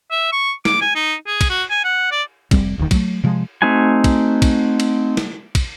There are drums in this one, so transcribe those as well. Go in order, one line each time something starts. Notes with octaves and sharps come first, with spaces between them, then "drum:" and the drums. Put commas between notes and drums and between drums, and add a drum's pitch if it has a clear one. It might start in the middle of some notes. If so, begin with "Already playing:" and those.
E5
C#6
D6, drum: snare
G#5
D#4
G#4
drum: kick, cymbal
F#4
G#5
F#5
D5
F1 F#2 G3 C4, drum: kick, cymbal
F#1 D#2 B2 D#3
F#3 A3, drum: kick, cymbal
C3 F3 G#3
A3 C4 D#4 F#4 G#5
drum: kick, cymbal
drum: kick, cymbal
drum: cymbal
drum: snare
drum: kick, cymbal